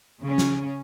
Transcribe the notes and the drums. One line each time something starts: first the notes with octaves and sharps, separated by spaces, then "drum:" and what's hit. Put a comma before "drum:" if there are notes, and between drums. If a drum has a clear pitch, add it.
C#3 C#4
drum: snare